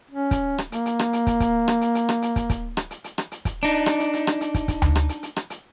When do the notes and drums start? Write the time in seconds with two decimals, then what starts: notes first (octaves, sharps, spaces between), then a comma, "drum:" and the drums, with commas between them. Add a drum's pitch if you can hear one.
0.11 C#4
0.31 drum: kick, hi-hat
0.58 drum: rim click
0.72 A#3, drum: hi-hat
0.86 drum: hi-hat
0.99 drum: rim click
1.13 drum: hi-hat
1.27 drum: kick, hi-hat
1.40 drum: kick, hi-hat
1.68 drum: rim click
1.81 drum: hi-hat
1.95 drum: hi-hat
2.09 drum: rim click
2.22 drum: hi-hat
2.36 drum: kick, hi-hat
2.50 drum: kick, hi-hat
2.77 drum: rim click
2.91 drum: hi-hat
3.04 drum: hi-hat
3.18 drum: rim click
3.32 drum: hi-hat
3.45 drum: kick, hi-hat
3.63 D4 D#4
3.86 drum: rim click
4.00 drum: hi-hat
4.14 drum: hi-hat
4.27 drum: rim click
4.41 drum: hi-hat
4.54 drum: kick, hi-hat
4.68 drum: kick, hi-hat
4.82 drum: tom D2
4.95 drum: rim click
5.09 drum: hi-hat
5.23 drum: hi-hat
5.36 drum: rim click
5.50 drum: hi-hat